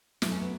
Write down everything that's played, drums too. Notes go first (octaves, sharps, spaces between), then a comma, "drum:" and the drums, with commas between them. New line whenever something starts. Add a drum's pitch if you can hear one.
B2 F#3 A3 E4, drum: snare
C#4
B3